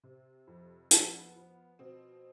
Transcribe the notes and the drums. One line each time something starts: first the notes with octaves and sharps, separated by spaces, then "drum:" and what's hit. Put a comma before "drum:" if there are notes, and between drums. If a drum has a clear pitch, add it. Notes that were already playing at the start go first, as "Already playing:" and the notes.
C3 C4
F2
F3 B3, drum: hi-hat
F3
B2 C4